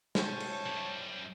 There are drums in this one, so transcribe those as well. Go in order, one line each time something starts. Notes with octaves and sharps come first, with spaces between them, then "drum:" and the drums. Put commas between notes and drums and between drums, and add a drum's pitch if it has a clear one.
C4 C#4 C5 C#5 A5, drum: snare
drum: cymbal
F#2 G3